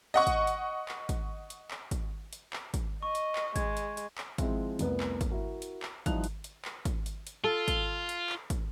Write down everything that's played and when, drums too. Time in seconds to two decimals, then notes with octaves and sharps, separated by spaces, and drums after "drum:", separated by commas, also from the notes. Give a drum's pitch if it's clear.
0.14 D#5 F#5 C#6
0.27 drum: kick, hi-hat
0.47 drum: hi-hat
0.88 drum: clap
1.09 drum: kick, hi-hat
1.50 drum: hi-hat
1.71 drum: clap
1.91 drum: kick, hi-hat
2.33 drum: hi-hat
2.53 drum: clap
2.74 drum: kick, hi-hat
3.03 D#5 C#6
3.15 drum: hi-hat
3.35 drum: clap
3.56 G#3 G#6, drum: kick, hi-hat
3.77 drum: hi-hat
3.97 drum: hi-hat
4.18 drum: clap
4.38 F3 G#3 C4 E4, drum: kick, hi-hat
4.79 F1 C2 B3 A#4, drum: hi-hat
5.00 drum: clap
5.21 drum: kick, hi-hat
5.30 E4 F#4 A#4
5.62 drum: hi-hat
5.82 drum: clap
6.06 F3 G3 D#4 E4 F#6 F7, drum: kick, hi-hat
6.24 drum: hi-hat
6.44 drum: hi-hat
6.65 drum: clap
6.85 drum: kick, hi-hat
7.06 drum: hi-hat
7.27 drum: hi-hat
7.44 F4 A4
7.68 drum: kick, hi-hat
8.09 drum: hi-hat
8.30 drum: clap
8.50 drum: kick, hi-hat